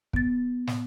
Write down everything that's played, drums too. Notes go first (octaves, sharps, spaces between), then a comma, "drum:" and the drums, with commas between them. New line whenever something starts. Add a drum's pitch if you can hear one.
B3 A6, drum: kick
drum: snare